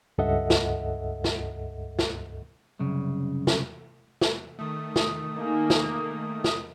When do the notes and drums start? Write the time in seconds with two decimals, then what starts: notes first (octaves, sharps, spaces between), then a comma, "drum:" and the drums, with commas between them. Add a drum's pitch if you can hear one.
0.18 C#2 G2 A4 D#5 E5 F#5
0.50 drum: snare
1.24 drum: snare
1.99 drum: snare
2.80 C2 F#2 C#3
3.47 drum: snare
4.21 drum: snare
4.59 D#3 A3 D#6
4.96 drum: snare
5.36 A#3 D#4 G#4
5.70 drum: snare
6.44 drum: snare